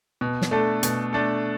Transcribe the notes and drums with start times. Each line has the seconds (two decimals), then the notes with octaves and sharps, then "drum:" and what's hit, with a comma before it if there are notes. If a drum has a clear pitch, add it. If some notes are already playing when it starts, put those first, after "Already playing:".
0.21 B2
0.42 drum: snare
0.51 A3 D4 A4
0.83 B2, drum: hi-hat
1.13 A3 D4 A4